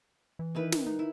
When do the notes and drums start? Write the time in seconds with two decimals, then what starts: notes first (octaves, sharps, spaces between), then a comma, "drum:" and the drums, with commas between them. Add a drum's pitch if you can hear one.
0.39 E3
0.55 D#3 E4 B4
0.72 drum: snare
0.87 D#4
0.99 E4